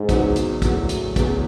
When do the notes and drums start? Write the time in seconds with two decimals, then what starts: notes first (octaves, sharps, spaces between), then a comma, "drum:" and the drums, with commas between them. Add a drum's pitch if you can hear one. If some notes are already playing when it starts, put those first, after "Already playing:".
Already playing: G#2
0.09 E2 C#3 F#3 B3, drum: kick, hi-hat
0.36 drum: hi-hat
0.62 E2 A2 C#3 F#3 B3, drum: kick, hi-hat
0.89 drum: hi-hat
1.16 E2 C#3 F#3 B3, drum: kick, hi-hat